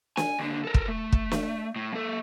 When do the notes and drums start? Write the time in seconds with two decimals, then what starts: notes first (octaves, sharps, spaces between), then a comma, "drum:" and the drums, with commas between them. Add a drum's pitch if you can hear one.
0.17 G#5, drum: snare
0.39 D#2 D3
0.64 A4 A#4
0.74 drum: kick
0.88 A3
1.12 drum: kick
1.32 drum: snare
1.76 A2
1.94 A#3 A4